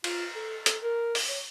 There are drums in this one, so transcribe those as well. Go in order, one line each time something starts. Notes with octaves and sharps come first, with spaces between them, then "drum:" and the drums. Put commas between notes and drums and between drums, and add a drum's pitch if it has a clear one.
F4, drum: cymbal
A4
A4, drum: hi-hat
A#4
drum: open hi-hat
C#5